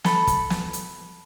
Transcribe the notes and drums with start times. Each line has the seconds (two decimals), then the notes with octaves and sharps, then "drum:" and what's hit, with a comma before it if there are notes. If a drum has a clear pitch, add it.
0.04 A4 B5, drum: snare
0.27 drum: kick, hi-hat
0.50 drum: snare
0.73 drum: hi-hat